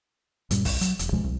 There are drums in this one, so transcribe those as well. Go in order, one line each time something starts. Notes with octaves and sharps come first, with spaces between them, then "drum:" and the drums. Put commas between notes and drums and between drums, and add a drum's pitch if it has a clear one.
F#2 A#2 G3, drum: hi-hat
C2, drum: kick, open hi-hat
F#3, drum: hi-hat
E1, drum: hi-hat
C#2 B2 F3 G#3
C2